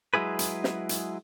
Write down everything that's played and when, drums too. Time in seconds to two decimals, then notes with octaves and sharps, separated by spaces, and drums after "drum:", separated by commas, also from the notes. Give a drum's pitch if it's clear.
0.14 F#3 G#3 E4 G#4 B4
0.39 drum: hi-hat
0.64 drum: snare
0.89 drum: hi-hat